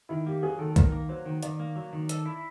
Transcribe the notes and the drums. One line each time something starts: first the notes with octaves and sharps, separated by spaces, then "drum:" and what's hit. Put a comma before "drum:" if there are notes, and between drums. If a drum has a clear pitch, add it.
D#3 E4
A#3 G4
F#3 G#4
D#3 A4
A4
D#3 A#4, drum: kick B1, hi-hat
A#3
F#3 C5
D#3
D#3 D5, drum: hi-hat
A#3
F#3
D#3
A4, drum: hi-hat
E4